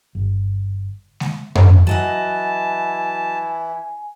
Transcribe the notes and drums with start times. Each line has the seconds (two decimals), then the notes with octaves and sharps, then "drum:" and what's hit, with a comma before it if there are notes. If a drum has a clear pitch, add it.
0.15 G1
1.20 drum: snare G#3
1.55 drum: tom F#2
1.87 E3 F#3 E4 D#5 F#5 G#5 A5